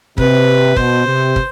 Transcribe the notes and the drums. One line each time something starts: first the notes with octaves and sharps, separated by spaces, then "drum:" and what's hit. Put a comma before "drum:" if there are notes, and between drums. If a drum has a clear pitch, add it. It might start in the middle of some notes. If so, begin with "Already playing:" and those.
C3 B4, drum: kick
B2 C5, drum: kick
C3
drum: kick